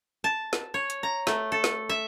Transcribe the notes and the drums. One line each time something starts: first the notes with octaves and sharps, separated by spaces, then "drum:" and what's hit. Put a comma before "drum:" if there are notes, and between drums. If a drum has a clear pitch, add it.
A5
drum: snare
C#5
drum: hi-hat
A#5
A3, drum: snare
A4
drum: snare
E5